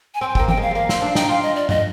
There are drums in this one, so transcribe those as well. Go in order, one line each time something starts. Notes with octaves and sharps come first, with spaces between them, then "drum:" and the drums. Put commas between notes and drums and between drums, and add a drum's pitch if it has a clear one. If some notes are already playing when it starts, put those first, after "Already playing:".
G#5
C4 G5
G#5
G5, drum: kick
A#3
G5, drum: tom E3
G#3 F5
G#3
A#3 F5
C4, drum: snare
D4
D#4 G5, drum: snare
F4 F5
D#5
D5
D#5, drum: tom G2